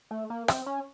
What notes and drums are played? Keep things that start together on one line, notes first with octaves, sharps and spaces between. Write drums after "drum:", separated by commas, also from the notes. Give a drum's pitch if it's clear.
A3
A#3
C4, drum: rim click
C#4